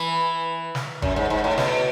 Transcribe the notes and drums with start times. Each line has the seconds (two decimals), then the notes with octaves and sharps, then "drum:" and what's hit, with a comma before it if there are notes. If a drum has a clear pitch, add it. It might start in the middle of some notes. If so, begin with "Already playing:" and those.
Already playing: E3
0.75 drum: snare
1.02 F#2, drum: kick G1
1.16 G#2
1.30 G#2
1.44 A2
1.58 B2, drum: snare